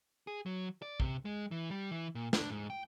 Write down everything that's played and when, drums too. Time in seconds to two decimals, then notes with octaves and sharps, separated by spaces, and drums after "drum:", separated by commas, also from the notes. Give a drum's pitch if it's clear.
0.27 G#4
0.46 F#3
0.82 D5
1.00 C3, drum: kick
1.25 G#3
1.51 E3
1.70 G3
1.91 E3
2.15 A#2
2.33 D4, drum: snare
2.50 G#2
2.70 G5